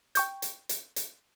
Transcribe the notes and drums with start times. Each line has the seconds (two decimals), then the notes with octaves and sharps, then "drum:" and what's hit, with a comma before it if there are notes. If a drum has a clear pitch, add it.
0.15 G5 C#6 G6, drum: hi-hat
0.42 drum: hi-hat
0.69 drum: hi-hat
0.96 drum: hi-hat